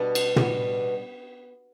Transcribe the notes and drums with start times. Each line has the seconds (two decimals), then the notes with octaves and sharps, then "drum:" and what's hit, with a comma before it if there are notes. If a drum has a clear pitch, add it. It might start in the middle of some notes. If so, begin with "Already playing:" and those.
Already playing: B2 G3 B3 D4
0.15 drum: cymbal
0.36 B2 G3 B3, drum: tom